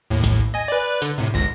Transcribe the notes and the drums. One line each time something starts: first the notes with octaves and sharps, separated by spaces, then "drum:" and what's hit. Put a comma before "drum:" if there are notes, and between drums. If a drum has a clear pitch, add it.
D#2 A2
drum: kick A1, hi-hat
D#5 G#5
B4 D5
D3, drum: hi-hat
A2 C3
G1 C#2 A#6